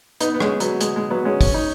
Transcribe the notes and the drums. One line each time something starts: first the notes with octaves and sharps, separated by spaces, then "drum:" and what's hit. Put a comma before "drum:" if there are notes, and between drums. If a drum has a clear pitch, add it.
B3 D#4, drum: hi-hat
B3
G#3 C#4, drum: rim click
F#3 B3, drum: hi-hat
G#3, drum: hi-hat
G#3
F#3 B3
G#3 C#4
C#4, drum: kick, open hi-hat
D#4